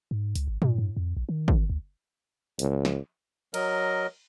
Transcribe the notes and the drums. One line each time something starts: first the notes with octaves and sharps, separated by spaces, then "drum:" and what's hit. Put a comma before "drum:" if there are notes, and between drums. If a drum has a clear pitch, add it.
G#2
C#2, drum: hi-hat
G#1
G#2, drum: tom
G2
F2
A#1
D#3
drum: kick
D2
C#2, drum: hi-hat
drum: snare
F#3 A#4 D#5, drum: cymbal